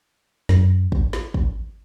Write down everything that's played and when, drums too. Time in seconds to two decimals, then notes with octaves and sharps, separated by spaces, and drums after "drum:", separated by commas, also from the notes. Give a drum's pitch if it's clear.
0.49 F#2, drum: snare
0.92 drum: kick
1.13 drum: snare
1.34 drum: kick